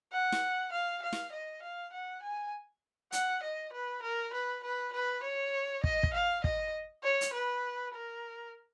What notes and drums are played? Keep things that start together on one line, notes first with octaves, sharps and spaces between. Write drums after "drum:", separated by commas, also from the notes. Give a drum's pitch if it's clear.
F#5
drum: snare
F5
F5
drum: snare
D#5
F5
F#5
G#5
F#5, drum: hi-hat
D#5
B4
A#4
B4
B4
B4
C#5
D#5, drum: kick
drum: kick
F5
D#5, drum: kick
C#5
drum: hi-hat
B4
A#4